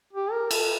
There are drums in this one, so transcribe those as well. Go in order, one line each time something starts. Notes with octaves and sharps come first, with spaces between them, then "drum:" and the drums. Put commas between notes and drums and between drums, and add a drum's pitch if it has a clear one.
G4
A#4
A4, drum: cymbal